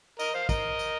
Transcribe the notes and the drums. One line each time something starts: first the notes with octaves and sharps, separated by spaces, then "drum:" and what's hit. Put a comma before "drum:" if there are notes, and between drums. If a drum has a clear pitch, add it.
A#4 D#5, drum: tambourine
C5 F5
A#4 D#5, drum: kick, tambourine
drum: tambourine